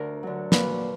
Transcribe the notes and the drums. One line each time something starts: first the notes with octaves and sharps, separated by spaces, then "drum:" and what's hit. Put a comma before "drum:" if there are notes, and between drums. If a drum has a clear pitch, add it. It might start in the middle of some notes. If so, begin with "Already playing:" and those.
Already playing: D2 D3 A#4
D3 F#3
A#2 B4, drum: snare